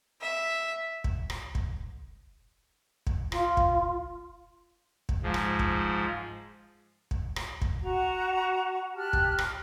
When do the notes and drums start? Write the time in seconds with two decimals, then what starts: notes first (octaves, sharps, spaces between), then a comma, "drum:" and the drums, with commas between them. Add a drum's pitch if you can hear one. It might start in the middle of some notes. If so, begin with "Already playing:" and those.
0.21 E5
1.04 drum: kick
1.30 drum: rim click
1.55 drum: kick
3.07 drum: kick
3.32 F4, drum: rim click
3.57 drum: kick
5.09 drum: kick
5.23 G#2 F3
5.34 drum: rim click
5.59 drum: kick
7.11 drum: kick
7.36 drum: rim click
7.62 drum: kick
7.82 F#4 F#5 A#5 C#6
8.96 G4 A5 F6 F#6
9.13 drum: kick
9.39 drum: rim click